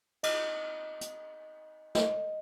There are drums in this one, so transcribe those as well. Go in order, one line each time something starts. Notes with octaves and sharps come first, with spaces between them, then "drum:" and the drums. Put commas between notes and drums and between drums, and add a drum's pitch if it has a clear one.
D#5, drum: cymbal
drum: hi-hat
D#5, drum: snare